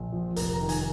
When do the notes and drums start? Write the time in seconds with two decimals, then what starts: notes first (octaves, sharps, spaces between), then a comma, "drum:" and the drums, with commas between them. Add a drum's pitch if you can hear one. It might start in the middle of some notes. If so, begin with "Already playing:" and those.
Already playing: A#1
0.12 F3
0.36 F1 A#4, drum: hi-hat
0.53 A#5
0.61 D#3
0.69 G#5, drum: hi-hat